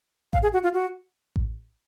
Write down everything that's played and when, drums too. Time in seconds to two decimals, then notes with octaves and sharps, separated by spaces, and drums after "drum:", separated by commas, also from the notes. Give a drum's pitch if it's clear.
0.33 F5, drum: kick A1
0.43 G#4
0.53 F#4
0.63 F4
0.74 F#4
1.36 drum: kick A1